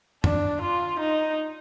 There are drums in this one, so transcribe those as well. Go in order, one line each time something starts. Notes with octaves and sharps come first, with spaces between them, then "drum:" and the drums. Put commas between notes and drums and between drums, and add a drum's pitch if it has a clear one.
D4, drum: tom F#2
F4
D#4